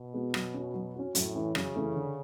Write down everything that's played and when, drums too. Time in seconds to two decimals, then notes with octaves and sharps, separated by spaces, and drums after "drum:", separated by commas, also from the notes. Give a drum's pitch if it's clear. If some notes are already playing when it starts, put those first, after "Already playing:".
Already playing: B2
0.13 G#3 B3 F#4
0.34 F#3, drum: rim click
0.54 C#4 F#4
0.74 F#3
0.94 C#4 F#4
1.15 F#2 A2, drum: hi-hat
1.35 E3 A3 C#4
1.55 F#2 C#3, drum: rim click
1.75 E3 A3 C#4
1.96 D3